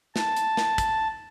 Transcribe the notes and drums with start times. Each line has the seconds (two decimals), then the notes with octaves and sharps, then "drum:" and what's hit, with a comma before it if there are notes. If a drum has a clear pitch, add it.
0.16 A5, drum: snare
0.36 drum: hi-hat
0.57 drum: snare
0.78 drum: kick, hi-hat